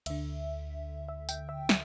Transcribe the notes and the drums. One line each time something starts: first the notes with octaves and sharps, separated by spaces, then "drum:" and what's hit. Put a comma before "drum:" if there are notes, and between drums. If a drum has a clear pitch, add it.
D2 D3 E5, drum: cymbal
E5
G5, drum: tambourine
E5
E5, drum: snare